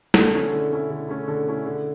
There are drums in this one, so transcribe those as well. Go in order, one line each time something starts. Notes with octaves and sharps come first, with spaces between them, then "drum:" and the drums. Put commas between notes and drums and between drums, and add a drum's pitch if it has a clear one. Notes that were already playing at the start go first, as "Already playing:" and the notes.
D3 A4, drum: snare
A3 C#4 E4
D3
A3 C#4 E4
D3
A3 C#4 E4
D3 A4
A3 C#4 E4
D3